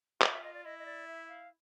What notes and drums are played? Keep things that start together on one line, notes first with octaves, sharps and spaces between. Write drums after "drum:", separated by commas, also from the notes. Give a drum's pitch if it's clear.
F4 D#5, drum: clap
E5
D#5
D5
E4 D#5
D#5
D5
E5
F5